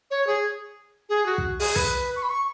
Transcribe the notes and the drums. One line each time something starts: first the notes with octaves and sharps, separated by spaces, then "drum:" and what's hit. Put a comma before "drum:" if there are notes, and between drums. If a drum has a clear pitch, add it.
C#5
G#4
G#4
F#4
drum: kick
G#4, drum: open hi-hat
B4, drum: kick
C#6
B5
C#6